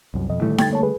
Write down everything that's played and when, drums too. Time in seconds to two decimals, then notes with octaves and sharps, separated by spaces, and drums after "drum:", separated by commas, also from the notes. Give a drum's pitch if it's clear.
0.14 C2 F#2
0.29 F2 B2 D#5
0.41 A2 D3 D#3 G3 A3 E4
0.58 G5 G#6 A6, drum: snare D#4
0.71 A#3 C#5 A5
0.83 G#4 B4